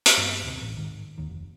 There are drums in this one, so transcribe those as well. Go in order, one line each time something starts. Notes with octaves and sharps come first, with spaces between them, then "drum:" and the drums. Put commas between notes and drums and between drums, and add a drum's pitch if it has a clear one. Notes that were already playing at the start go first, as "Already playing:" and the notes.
drum: hi-hat
G2 A#3 B3
D#2 C3
A1
G#2 D#3
D#2 D#3
F1